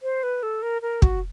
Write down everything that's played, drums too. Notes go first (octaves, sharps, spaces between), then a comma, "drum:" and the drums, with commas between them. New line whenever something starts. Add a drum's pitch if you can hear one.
C5
B4
A4
A#4
A#4
F#4, drum: kick